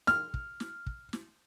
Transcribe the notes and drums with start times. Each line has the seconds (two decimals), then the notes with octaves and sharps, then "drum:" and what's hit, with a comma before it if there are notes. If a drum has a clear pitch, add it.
0.07 F6, drum: snare
0.34 drum: kick
0.60 drum: snare
0.86 drum: kick
1.13 drum: snare